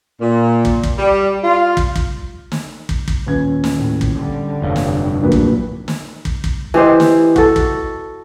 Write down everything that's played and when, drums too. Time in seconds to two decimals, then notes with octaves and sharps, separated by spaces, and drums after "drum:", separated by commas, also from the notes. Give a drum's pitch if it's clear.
0.21 A#2
0.65 drum: kick
0.83 drum: kick
0.98 G3
1.43 F4
1.77 drum: kick
1.96 drum: kick
2.52 drum: snare
2.89 drum: kick
3.08 drum: kick
3.26 D#1 C#4 B4 G#6
3.64 drum: snare
3.75 A2
4.01 drum: kick
4.16 D3 G3
4.62 F1 G2 C#5 F5
4.76 drum: snare
5.21 D1 A#2 D3 F3 F#4 B4
5.32 drum: kick
5.88 drum: snare
6.25 drum: kick
6.44 drum: kick
6.74 E3 G4 C5 D#5
7.00 drum: snare
7.36 F#4 A4, drum: kick
7.56 drum: kick